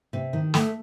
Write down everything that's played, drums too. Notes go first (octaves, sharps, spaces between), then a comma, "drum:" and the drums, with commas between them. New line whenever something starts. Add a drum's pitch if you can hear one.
C3
D#3
A3, drum: snare